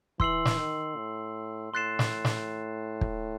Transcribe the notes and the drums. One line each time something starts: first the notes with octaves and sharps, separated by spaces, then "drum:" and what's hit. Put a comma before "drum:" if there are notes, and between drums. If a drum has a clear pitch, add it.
E3 C6 E6 C7 F#7, drum: kick
drum: snare
D#3
A2
A2 C6 F#6 A6 C7 E7
drum: snare
drum: snare
drum: kick